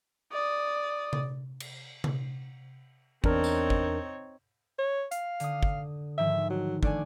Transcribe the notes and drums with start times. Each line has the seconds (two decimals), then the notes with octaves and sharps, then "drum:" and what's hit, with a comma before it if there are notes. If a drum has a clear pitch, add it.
0.32 D5 D#6
1.13 drum: tom C3
1.60 drum: cymbal
2.04 drum: tom C3
3.24 E2 C4 D4 D#4 A#4 C#5, drum: kick
3.44 drum: tambourine
3.70 drum: kick
4.79 C#5
5.12 F5, drum: hi-hat
5.40 D3 D#6, drum: hi-hat
5.63 drum: kick
6.18 G#2 D#3 F3 E5
6.50 F#3
6.83 D3 A3 D5 G#5, drum: kick